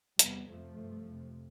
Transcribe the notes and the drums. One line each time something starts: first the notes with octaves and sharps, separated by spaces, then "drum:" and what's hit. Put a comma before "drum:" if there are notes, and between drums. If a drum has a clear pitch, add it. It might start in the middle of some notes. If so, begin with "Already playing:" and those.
E2 C3 G3 B3, drum: hi-hat
F2 C3 F3 A3
G2
F2 C3